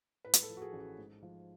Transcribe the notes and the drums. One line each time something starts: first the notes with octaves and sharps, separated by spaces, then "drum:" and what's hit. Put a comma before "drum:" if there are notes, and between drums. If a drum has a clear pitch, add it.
A2 B4
drum: hi-hat
A4
F3
F#4
G#4
A1
F#4
G#2
F3